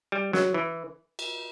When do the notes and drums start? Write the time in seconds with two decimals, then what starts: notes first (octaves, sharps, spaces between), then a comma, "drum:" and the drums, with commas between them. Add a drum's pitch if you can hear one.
0.12 G3
0.33 F#3, drum: snare
0.54 E3
1.19 drum: cymbal